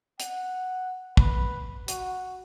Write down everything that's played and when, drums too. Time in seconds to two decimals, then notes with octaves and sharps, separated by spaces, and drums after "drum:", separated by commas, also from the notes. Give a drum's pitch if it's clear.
0.20 F#5, drum: hi-hat
1.17 B4, drum: kick
1.88 F#4, drum: hi-hat